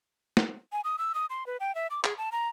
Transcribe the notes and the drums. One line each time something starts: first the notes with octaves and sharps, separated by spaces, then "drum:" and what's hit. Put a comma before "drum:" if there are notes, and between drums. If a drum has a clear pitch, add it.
drum: snare
G#5
D#6
E6
D#6
C6
B4
G5
E5
D6
G#4, drum: clap
A5
A#5